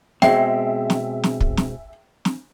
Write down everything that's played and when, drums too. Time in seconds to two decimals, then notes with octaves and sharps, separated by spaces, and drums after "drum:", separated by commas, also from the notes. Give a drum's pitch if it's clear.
0.22 B2 G#3 C4 G#4 E5 G5, drum: snare
0.90 drum: snare
1.24 drum: snare
1.40 drum: kick
1.57 drum: snare
2.25 drum: snare